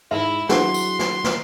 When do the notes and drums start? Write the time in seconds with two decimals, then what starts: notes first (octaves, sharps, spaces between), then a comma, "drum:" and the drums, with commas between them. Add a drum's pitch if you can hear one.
0.11 G#2 E4 E5
0.49 F#3 D4 E4 G#4 F#5 C6, drum: snare
0.74 drum: tambourine
0.99 drum: snare
1.24 drum: snare